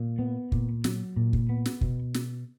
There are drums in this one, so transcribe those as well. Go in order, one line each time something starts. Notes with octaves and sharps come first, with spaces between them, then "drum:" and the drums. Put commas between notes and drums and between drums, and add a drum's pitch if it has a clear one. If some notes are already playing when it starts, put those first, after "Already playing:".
Already playing: A#2
B3
A#2, drum: kick
F#3, drum: snare
A#2
drum: kick
B3
drum: snare
B2, drum: kick
drum: snare